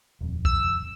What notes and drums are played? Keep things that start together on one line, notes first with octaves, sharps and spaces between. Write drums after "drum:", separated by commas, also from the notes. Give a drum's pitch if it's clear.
D#1 F2
E6, drum: kick B1